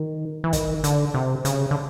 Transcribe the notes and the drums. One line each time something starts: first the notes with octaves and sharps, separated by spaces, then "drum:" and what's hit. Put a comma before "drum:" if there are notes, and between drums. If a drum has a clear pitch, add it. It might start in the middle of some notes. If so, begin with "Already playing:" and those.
Already playing: D#3
E3
D#3, drum: kick, hi-hat
D3, drum: hi-hat
C3
C#3, drum: hi-hat
D3